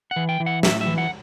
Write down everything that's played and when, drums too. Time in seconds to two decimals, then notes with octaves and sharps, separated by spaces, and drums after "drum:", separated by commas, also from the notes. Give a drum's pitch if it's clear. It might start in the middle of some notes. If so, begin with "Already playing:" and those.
0.11 F#5
0.16 E3
0.29 G5
0.40 E3
0.46 F#5
0.63 A2 E5, drum: snare
0.81 E5
0.87 E3
0.98 F#5